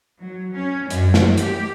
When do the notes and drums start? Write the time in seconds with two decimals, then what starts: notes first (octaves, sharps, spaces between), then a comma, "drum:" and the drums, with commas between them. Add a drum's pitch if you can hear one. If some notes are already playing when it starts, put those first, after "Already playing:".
0.21 F#3
0.55 C#4
0.90 F#2, drum: hi-hat
1.14 drum: snare
1.37 G4, drum: hi-hat